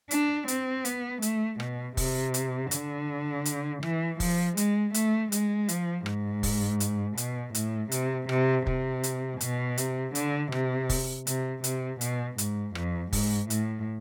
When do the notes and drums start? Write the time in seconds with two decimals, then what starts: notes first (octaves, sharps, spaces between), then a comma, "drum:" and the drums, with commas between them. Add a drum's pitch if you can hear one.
0.11 D4, drum: hi-hat
0.48 C4, drum: hi-hat
0.85 B3, drum: hi-hat
1.22 A3, drum: hi-hat
1.60 B2, drum: rim click
1.97 C3, drum: kick, open hi-hat
2.34 drum: hi-hat
2.71 D3, drum: hi-hat
3.45 drum: hi-hat
3.83 E3, drum: rim click
4.20 F3, drum: kick, open hi-hat
4.57 G#3, drum: hi-hat
4.94 A3, drum: hi-hat
5.32 G#3, drum: hi-hat
5.69 F3, drum: hi-hat
6.06 G#2, drum: rim click
6.43 drum: kick, open hi-hat
6.80 drum: hi-hat
7.17 B2, drum: hi-hat
7.55 A2, drum: hi-hat
7.92 C3, drum: hi-hat
8.29 C3, drum: rim click
8.67 C3, drum: kick
9.03 drum: hi-hat
9.41 B2, drum: hi-hat
9.78 C3, drum: hi-hat
10.15 D3, drum: hi-hat
10.52 C3, drum: rim click
10.89 drum: kick, open hi-hat
11.27 C3, drum: hi-hat
11.64 C3, drum: hi-hat
12.01 B2, drum: hi-hat
12.38 G#2, drum: hi-hat
12.75 F2, drum: rim click
13.13 G#2, drum: kick, open hi-hat
13.50 A2, drum: hi-hat